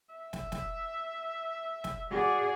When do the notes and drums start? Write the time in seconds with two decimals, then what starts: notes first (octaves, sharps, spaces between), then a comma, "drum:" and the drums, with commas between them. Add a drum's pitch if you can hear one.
0.14 E5
0.33 drum: snare
0.52 drum: snare
1.84 drum: snare
2.10 F#4 G#4 D5